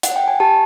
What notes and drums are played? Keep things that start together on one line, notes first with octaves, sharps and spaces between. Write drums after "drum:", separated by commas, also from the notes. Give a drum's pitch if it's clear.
F#5, drum: hi-hat
G5
G#5
G4 A5